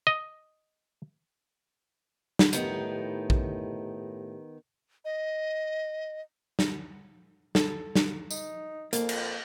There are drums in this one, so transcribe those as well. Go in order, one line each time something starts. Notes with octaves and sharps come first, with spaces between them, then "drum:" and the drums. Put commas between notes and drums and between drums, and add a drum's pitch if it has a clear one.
D#5
drum: snare
A2 D#3 B3 D#4 G4, drum: hi-hat
drum: kick A#1
D#5
drum: snare
A4, drum: snare
drum: snare
D#4, drum: tambourine
F2 A#3, drum: hi-hat
drum: cymbal